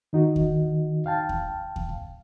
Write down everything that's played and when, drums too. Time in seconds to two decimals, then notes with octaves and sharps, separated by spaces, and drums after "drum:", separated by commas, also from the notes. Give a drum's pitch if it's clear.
0.13 D#3 D#4 F#4
0.36 drum: kick D#2
1.06 F5 G5 A5
1.29 drum: kick D#2
1.76 drum: kick D#2